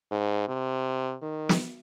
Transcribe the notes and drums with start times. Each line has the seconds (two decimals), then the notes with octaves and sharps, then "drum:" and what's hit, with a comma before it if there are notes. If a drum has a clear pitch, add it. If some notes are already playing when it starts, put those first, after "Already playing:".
0.11 G#2
0.48 C3
1.22 D#3
1.49 drum: snare